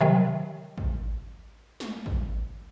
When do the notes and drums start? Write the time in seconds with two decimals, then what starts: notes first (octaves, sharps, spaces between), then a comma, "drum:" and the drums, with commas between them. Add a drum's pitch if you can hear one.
0.01 C3 D#3 F#3
0.78 drum: kick
1.80 drum: snare
2.06 drum: kick